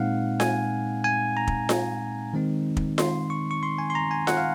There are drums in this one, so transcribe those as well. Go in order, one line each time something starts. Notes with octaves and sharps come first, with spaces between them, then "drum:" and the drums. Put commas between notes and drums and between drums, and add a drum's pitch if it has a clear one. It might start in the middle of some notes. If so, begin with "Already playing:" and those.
Already playing: A#2 G#3 C4 D#4 F5 F#5
G#5, drum: snare F4
G#5
A#5
drum: kick
drum: snare F4
D#3 G#3 C4 D#4
drum: kick
C6, drum: snare F4
C#6
C#6
C6
G#5
C6
A#5
G#5
F#5, drum: snare F4
F5